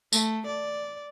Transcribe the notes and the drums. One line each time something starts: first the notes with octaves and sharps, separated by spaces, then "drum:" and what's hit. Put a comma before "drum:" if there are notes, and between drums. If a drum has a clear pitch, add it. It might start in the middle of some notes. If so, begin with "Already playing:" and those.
A3, drum: tambourine
D5